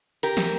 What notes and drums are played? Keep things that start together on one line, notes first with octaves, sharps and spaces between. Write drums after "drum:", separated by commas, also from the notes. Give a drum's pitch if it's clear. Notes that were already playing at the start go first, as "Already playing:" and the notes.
G4 A#4, drum: hi-hat
drum: snare